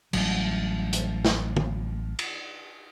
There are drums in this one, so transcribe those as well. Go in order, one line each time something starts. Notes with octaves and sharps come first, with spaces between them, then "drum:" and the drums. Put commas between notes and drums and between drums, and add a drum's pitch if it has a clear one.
A1 F#3 G3, drum: cymbal
drum: hi-hat
drum: snare
drum: tom
drum: cymbal